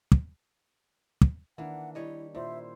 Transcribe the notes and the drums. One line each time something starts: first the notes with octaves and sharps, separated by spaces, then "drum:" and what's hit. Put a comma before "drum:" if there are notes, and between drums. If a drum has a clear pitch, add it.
drum: kick
drum: kick
D#3 E3 A#3 D4 F#5
G3 E4 C#5 D#5
A#2 E4 C5 E5